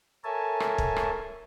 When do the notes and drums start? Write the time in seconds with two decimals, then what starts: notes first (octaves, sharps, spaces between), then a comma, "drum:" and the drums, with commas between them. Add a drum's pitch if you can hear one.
0.24 A4 A#4 C#5 E5 G#5 A5
0.60 drum: rim click
0.78 drum: kick
0.96 drum: rim click